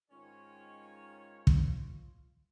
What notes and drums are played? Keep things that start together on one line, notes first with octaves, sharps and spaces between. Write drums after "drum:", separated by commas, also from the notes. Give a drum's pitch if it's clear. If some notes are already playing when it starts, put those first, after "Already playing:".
G#2 D#3 C#4 F4 C#5
drum: kick